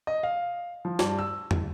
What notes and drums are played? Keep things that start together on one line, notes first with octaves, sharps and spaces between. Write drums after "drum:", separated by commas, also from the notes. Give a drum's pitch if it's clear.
D#5
F5
F3
G2, drum: snare
E6
drum: tom E2